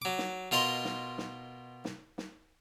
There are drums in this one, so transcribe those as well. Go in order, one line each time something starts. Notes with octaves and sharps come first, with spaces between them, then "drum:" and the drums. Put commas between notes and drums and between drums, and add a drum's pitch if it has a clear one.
F#3 D6
drum: snare
B2 F4 A#4 D#5 C6
drum: snare
drum: snare
drum: snare
drum: snare